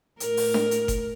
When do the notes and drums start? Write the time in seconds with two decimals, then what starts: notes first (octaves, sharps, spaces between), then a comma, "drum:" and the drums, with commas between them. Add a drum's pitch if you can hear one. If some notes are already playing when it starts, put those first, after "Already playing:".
0.20 A2 A#4, drum: hi-hat
0.37 drum: open hi-hat
0.54 drum: snare D4
0.71 drum: hi-hat
0.88 drum: kick F#1, hi-hat